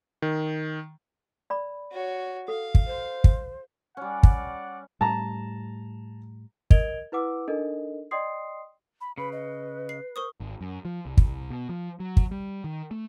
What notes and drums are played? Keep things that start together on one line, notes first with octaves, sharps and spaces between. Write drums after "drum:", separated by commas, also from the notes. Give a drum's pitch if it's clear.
D#3
D5 B5
F#4 C#5
A4 F5
drum: kick
C5
drum: kick
G3 C#4 D5 F#5
drum: kick
A2 G3 A5 A#5
A#4 D#5 G#6 D7 F7 G7, drum: kick
E4 B4 F#5 D6 E6
D4 D#4 A4 A#4 D#5
D5 D#5 G5 C6 D#6 C7
B5
C#3 B4 B5
D#5
C7
A#4 C5 C#6 D#6
G#1
F#2
F3
C2
drum: kick
B2
F3
F#3
drum: kick
G3
D#3
A3